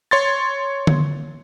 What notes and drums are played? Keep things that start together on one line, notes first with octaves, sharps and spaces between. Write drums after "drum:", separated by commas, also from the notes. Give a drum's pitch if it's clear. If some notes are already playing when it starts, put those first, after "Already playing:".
C#5 C6 A6
drum: tom D3